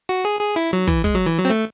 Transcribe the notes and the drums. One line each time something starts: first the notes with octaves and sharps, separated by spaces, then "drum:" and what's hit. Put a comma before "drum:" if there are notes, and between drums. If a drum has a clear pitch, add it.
F#4, drum: hi-hat
G#4
G#4
E4
F#3, drum: snare
E3, drum: kick
G#3, drum: kick, hi-hat
F#3
E3
F#3
C4
A3